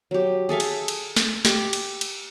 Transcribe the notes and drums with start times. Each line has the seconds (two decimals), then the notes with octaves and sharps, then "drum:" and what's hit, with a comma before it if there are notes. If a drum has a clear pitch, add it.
0.11 F#3 G4
0.49 G#4 A4 E5 F5
0.60 drum: cymbal
0.88 drum: cymbal
1.16 drum: snare
1.45 G4, drum: snare
1.73 drum: cymbal
2.01 drum: cymbal